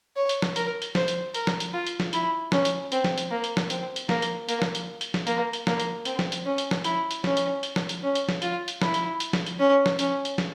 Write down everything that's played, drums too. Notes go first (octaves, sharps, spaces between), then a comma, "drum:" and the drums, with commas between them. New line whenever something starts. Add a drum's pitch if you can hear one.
C#5
drum: hi-hat
drum: snare
A#4, drum: hi-hat
drum: hi-hat
C5, drum: snare
drum: hi-hat
A#4, drum: hi-hat
drum: snare
drum: hi-hat
F4
drum: hi-hat
drum: snare
E4, drum: hi-hat
C#4, drum: snare
drum: hi-hat
C4, drum: hi-hat
drum: snare
drum: hi-hat
A#3
drum: hi-hat
drum: snare
C4, drum: hi-hat
drum: hi-hat
A#3, drum: snare
drum: hi-hat
A#3, drum: hi-hat
drum: snare
drum: hi-hat
drum: hi-hat
drum: snare
A#3, drum: hi-hat
drum: hi-hat
A#3, drum: snare
drum: hi-hat
C4, drum: hi-hat
drum: snare
drum: hi-hat
C#4
drum: hi-hat
drum: snare
E4, drum: hi-hat
drum: hi-hat
C#4, drum: snare
drum: hi-hat
drum: hi-hat
drum: snare
drum: hi-hat
C#4
drum: hi-hat
drum: snare
F4, drum: hi-hat
drum: hi-hat
E4, drum: snare
drum: hi-hat
drum: hi-hat
drum: snare
drum: hi-hat
C#4
drum: snare
C#4, drum: hi-hat
drum: hi-hat
drum: snare